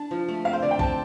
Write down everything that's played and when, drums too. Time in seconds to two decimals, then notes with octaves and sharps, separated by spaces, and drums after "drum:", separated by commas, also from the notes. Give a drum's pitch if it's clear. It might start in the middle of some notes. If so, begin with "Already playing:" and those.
Already playing: D4 A5
0.11 F3
0.28 A3
0.45 C4 F5
0.53 C5
0.62 D3 D5
0.71 G5
0.79 C4 A5, drum: kick